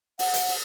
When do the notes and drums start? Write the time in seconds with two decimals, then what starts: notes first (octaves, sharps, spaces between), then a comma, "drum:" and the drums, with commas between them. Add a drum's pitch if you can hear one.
0.19 F#5, drum: open hi-hat
0.34 drum: hi-hat
0.48 drum: open hi-hat